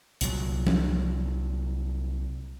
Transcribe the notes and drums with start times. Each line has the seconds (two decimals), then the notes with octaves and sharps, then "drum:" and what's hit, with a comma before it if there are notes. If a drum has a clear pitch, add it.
0.21 C2 A#2 F#3, drum: hi-hat
0.67 drum: tom